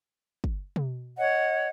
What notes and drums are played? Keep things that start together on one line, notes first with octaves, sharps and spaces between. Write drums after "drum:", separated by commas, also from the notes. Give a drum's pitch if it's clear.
drum: kick
drum: tom
C#5 D#5 F#5